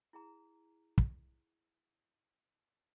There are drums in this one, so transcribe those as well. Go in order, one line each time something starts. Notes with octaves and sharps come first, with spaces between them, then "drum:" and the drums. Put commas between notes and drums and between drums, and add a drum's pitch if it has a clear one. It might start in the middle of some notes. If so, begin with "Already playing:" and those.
E4 G#4 A#5
drum: kick